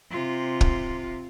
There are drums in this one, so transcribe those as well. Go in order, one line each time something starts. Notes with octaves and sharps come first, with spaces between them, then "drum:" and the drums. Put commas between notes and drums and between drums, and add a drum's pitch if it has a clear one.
C3 F4
drum: kick